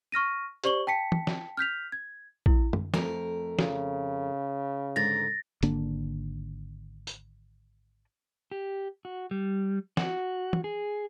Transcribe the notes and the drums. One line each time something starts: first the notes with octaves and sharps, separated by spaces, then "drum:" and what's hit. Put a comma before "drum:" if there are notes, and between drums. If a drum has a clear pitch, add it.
C#6 F6 A#6 D#7
G4 C5 D5 C#6 F#7 G7, drum: hi-hat
G5 A5 B6 C#7
drum: tom
drum: snare
F6 G6 B6 F7
G#6
E4, drum: kick A#1
drum: tom F#2
F2 A3 A#4, drum: snare
C#3, drum: snare
G#2 D3 A#4 A6 A#6
G#1 D3 A#3 D4, drum: hi-hat
drum: tambourine
G4
F#4
G3
F#4, drum: snare
drum: tom
G#4